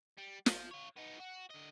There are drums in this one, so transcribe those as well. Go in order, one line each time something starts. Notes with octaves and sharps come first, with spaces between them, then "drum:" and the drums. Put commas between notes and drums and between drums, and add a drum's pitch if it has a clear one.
G3
F3, drum: snare
F4 C#5
B3 D#4
F#4
D3 D#5